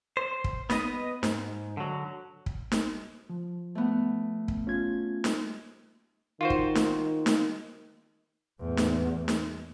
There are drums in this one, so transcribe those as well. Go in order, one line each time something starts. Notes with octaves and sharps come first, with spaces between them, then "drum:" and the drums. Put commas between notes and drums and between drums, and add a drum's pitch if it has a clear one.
C5
drum: kick
B3 B4 D#5, drum: snare
G#2, drum: snare
D3 F#3
drum: kick
drum: snare
F3
A3 B3
drum: kick
C#4 F4 G#6
drum: snare
D#3 F4 F#4 C5
drum: kick
drum: snare
drum: snare
E2 A2
drum: snare
drum: snare